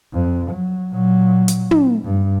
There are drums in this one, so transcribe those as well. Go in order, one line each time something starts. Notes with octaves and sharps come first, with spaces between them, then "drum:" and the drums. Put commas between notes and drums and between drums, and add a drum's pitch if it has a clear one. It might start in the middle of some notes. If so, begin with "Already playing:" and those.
F2
F#3
A#2 F#3
drum: hi-hat
drum: tom
G2